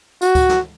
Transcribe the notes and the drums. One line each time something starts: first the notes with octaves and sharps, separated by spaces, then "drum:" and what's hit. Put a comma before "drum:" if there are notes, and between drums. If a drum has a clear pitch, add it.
F#4, drum: tambourine
drum: kick C#2, tambourine
drum: snare